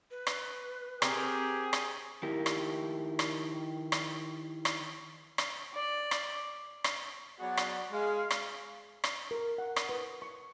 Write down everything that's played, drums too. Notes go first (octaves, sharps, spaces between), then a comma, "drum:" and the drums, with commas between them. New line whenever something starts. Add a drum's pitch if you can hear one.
B4
drum: rim click
C4 G4 G#4 A#4, drum: rim click
drum: rim click
D#3 E4 G4 A#4
drum: rim click
drum: rim click
drum: rim click
drum: rim click
drum: rim click
D5
drum: rim click
drum: rim click
F#3 B3 F#4 G#4 D5
drum: rim click
G#3 F5
drum: rim click
drum: rim click
A#4
F#5
D#6, drum: rim click
B4
C#6